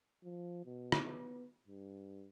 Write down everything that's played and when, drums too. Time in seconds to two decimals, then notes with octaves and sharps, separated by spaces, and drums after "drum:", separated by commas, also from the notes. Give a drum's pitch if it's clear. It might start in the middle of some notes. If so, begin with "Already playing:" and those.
0.23 F3
0.65 B2
0.92 drum: rim click
1.03 B3
1.68 G2